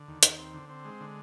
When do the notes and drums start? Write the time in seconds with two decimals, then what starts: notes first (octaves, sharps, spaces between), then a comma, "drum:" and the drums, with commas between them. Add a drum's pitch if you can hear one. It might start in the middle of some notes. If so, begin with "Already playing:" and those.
Already playing: D3
0.08 D#2
0.23 D#2, drum: hi-hat
0.38 C4
0.54 D3
0.69 C4
0.85 G#3
1.01 D3